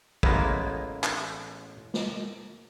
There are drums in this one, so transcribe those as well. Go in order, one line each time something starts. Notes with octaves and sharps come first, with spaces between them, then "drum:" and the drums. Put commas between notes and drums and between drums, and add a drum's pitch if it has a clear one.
A1 G#3 A#3 B3 E4, drum: kick
drum: clap
drum: snare